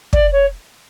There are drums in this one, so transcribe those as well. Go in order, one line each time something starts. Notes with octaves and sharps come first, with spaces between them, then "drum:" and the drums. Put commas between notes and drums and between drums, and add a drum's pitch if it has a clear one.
D5, drum: kick
C#5